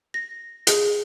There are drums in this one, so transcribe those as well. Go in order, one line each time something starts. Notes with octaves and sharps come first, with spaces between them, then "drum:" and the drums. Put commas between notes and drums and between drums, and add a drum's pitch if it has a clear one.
A#6
G#4, drum: hi-hat